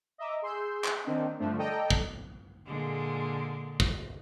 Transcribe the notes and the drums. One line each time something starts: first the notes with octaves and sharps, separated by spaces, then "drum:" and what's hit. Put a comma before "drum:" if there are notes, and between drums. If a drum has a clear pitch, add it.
D#5 E5 A#5 D6
G#4 C6 E6 G6
drum: clap
D#3 A#3 C4 D4 D#4
G2 D3 F3 A3 D4
A4 D5 D#5 G5 A#5
drum: kick
A#2 D3 G#3
drum: kick